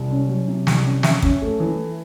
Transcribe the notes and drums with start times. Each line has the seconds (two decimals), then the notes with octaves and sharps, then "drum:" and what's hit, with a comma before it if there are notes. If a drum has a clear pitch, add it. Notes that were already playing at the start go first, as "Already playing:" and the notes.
Already playing: C2
0.11 C#4
0.28 F#3
0.48 C3
0.67 C2, drum: snare
0.84 C#4
1.03 F#2 E5, drum: snare
1.22 C#4, drum: kick
1.42 A3
1.60 E3